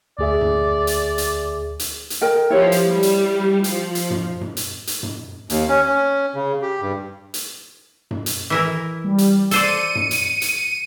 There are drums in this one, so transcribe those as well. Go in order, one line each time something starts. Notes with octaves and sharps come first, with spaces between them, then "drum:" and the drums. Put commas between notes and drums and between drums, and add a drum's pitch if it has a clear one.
D2 G#4 D5 E5
drum: tom F#2
drum: hi-hat
drum: hi-hat
drum: hi-hat
drum: hi-hat
A#4 D#5 G5
F3 E4 G4 C#5
drum: hi-hat
G3 G4
drum: hi-hat
F3, drum: hi-hat
drum: hi-hat
drum: tom F#2
drum: tom F#2
drum: hi-hat
drum: hi-hat
drum: tom F#2
D#2, drum: hi-hat
C#4
C#4
C#3
G4
G2
drum: hi-hat
drum: tom F#2
drum: hi-hat
E3 E4 A#4
G3
drum: hi-hat
A4 C5 D5 C#7 D#7, drum: hi-hat
drum: tom F#2
drum: hi-hat
drum: hi-hat